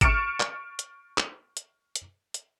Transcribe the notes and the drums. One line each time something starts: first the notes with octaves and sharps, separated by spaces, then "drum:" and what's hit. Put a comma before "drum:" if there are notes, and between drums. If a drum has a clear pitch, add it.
C#6 F6 A6 C#7 D7 E7, drum: kick G#1, hi-hat
drum: clap
drum: hi-hat
drum: clap
drum: hi-hat
drum: hi-hat
drum: hi-hat